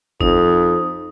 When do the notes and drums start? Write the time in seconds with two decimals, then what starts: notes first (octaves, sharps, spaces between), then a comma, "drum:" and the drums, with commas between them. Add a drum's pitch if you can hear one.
0.21 F2 D#4 D#6, drum: kick G1